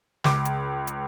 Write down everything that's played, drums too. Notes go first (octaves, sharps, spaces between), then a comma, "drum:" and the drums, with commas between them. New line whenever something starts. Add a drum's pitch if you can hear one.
C#2 D6, drum: snare
drum: hi-hat
drum: hi-hat